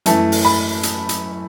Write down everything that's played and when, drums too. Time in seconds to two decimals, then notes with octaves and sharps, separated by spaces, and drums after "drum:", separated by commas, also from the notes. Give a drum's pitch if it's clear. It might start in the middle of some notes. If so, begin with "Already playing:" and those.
0.06 F#2 E3 A3 A5, drum: hi-hat
0.32 drum: open hi-hat
0.45 B5
0.83 drum: hi-hat
1.09 drum: hi-hat